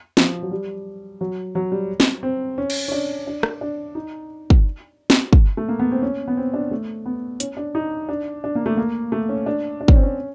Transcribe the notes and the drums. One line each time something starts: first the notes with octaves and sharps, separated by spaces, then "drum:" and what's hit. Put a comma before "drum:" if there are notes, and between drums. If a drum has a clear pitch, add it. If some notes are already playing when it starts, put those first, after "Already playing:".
F3, drum: snare
F#3
G3
F#3
F#3
G3
drum: snare
C4
C#4
drum: cymbal
C#4
D4
D4
drum: rim click
D4
D#4
drum: kick
drum: snare
drum: kick
A3
A#3
B3
C4
C#4
B3
C4
D4
A3
B3
C#4, drum: hi-hat
D4
D#4
D4
D4
A#3
A3
A#3
A3
C#4
D4
D4
C#4, drum: kick
C4
C#4